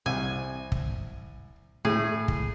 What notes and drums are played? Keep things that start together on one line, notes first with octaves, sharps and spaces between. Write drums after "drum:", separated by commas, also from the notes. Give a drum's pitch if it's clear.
C2 G#5
drum: kick
A2 E4 G#4
drum: kick